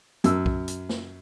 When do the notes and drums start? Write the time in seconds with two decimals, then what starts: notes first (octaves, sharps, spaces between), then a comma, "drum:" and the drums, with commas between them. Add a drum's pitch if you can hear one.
0.24 F#2 E6, drum: hi-hat
0.46 drum: kick
0.68 drum: hi-hat
0.89 drum: snare